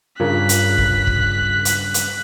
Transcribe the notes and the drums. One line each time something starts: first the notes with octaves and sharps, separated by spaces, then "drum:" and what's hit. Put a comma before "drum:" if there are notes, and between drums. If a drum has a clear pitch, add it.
G2 C#3 F4 A#4 F#6 B6
drum: hi-hat
drum: kick
drum: kick
drum: hi-hat
drum: hi-hat